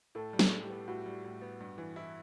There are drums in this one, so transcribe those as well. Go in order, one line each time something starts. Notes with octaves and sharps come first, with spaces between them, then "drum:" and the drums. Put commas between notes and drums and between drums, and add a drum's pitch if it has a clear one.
A2 A4
G3
A4, drum: snare
A2
G4
B3
A2 F#4
G3
A2
B3
G2
E3
E4